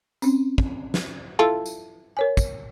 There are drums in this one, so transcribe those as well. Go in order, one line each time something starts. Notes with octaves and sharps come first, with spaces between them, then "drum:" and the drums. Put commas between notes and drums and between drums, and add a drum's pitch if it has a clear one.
C4 C#4, drum: tambourine
drum: kick
drum: snare
E4 F4 A4
drum: tambourine
A#4 C#5 G#5
drum: kick, tambourine